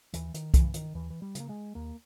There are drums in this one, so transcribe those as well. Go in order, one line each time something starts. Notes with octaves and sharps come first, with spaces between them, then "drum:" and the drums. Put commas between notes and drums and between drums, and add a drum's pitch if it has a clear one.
D#2 E3, drum: hi-hat
D#3, drum: hi-hat
C#3 E3, drum: kick C2, hi-hat
D#3, drum: hi-hat
D#2 E3
E3
G3
C#3, drum: hi-hat
A#3
G#3
D#2 A#3